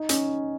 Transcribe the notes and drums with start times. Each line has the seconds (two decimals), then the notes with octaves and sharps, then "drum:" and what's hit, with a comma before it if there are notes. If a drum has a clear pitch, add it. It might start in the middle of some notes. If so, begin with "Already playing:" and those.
Already playing: D#4
0.09 C#4, drum: hi-hat